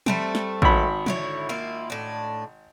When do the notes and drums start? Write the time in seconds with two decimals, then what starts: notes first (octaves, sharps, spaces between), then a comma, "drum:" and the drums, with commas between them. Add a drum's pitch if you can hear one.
0.06 G3 A3 C4, drum: tom
0.35 drum: snare
0.62 G#1 B5, drum: kick
1.06 D3 E4 C#5, drum: tom
1.49 A#3 E4 F4
1.90 A2 D4